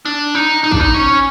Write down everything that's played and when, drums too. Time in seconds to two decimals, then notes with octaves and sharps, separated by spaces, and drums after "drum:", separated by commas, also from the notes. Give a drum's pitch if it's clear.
0.05 D4
0.35 D#4
0.64 D#4
0.71 D4, drum: kick
0.80 D#4
0.94 C#4